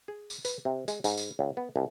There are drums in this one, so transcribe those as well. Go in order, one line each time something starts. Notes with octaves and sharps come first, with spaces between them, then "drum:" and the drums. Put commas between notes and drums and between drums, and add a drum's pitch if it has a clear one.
G#4
drum: tambourine
B4, drum: tambourine
C3
G#3, drum: tambourine
G#2, drum: tambourine
drum: tambourine
C#2
B3
C2